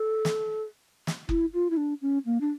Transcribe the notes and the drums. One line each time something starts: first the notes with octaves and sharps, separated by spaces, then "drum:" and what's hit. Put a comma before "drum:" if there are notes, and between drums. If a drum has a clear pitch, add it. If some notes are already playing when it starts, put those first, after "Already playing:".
Already playing: A4
drum: snare
drum: snare
E4, drum: kick F#1
F4
E4
D4
C#4
A#3
D4